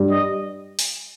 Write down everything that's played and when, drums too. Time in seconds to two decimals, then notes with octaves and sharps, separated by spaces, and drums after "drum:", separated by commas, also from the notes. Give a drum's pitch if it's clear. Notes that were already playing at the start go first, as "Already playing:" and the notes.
Already playing: G2 G3
0.09 D#5
0.79 drum: open hi-hat